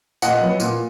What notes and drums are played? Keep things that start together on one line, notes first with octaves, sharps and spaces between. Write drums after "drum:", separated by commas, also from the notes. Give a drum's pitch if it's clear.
A#2 D#5 F#5, drum: tambourine
F#3 B3
A#2, drum: tambourine